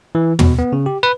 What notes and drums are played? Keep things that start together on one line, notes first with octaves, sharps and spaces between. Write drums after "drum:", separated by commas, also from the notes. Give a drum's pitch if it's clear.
E3
B2, drum: tom
B3
C#3
G4
B4